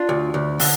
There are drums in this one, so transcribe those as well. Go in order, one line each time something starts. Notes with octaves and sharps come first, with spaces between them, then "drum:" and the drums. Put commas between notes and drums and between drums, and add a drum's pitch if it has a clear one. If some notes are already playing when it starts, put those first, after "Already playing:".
Already playing: D4 F4
D2
D2
D3, drum: open hi-hat